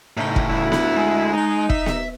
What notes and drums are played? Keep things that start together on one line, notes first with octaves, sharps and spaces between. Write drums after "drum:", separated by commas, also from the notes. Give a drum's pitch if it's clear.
A2 C#3 D#4 E4
drum: kick
D2 E4
D4 B5, drum: snare B3
G#3
D#4
E5, drum: kick
drum: snare B3